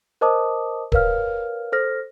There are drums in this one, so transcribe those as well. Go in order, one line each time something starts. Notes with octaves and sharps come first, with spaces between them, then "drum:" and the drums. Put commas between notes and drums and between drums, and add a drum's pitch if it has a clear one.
A#4 C5 D#5 A5 D6 D#6
A#4 B4 C#5 F5 F6, drum: kick D1
A4 C5 F6 A#6